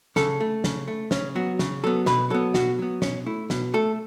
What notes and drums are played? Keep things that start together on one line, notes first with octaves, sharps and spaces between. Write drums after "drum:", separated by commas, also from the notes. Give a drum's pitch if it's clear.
C#3 A4, drum: snare
A3
C#3, drum: snare
A3
C#3 C#4, drum: snare
F#3 B3 F#4
C#3, drum: snare
F#3 B3 A4
B2 B4, drum: snare
F#3 B3 A4
B2 F#4, drum: snare
F#3 B3
B2 C#4, drum: snare
A3 E4
B2, drum: snare
A3 A4